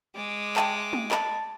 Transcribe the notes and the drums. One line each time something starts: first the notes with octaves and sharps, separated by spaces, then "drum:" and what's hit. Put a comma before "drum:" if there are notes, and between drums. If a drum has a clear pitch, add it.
G#3 D6
E5 G5 A5, drum: clap
drum: tom
D#5 A5 B5, drum: clap